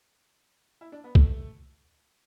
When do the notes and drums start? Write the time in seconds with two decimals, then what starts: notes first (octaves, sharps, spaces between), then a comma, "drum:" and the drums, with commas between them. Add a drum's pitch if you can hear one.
0.81 E4
0.92 D4
1.04 B3
1.15 A3, drum: kick C2